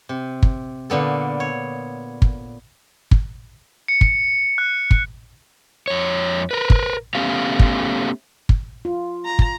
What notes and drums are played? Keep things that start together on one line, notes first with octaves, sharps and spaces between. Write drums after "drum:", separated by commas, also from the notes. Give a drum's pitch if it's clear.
C3
drum: kick
A#2 D3 B3 A4
C#5
drum: kick
drum: kick
C#7
drum: kick
F#6
drum: kick
F2 C#5
A#4 B4
drum: kick
A3 B3 C#4 G4 F5
drum: kick
drum: kick
F4
A#5
drum: kick